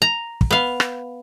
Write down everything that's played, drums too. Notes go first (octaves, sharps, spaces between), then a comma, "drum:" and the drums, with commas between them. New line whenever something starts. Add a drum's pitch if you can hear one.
A#5
drum: kick
B3 F5
drum: rim click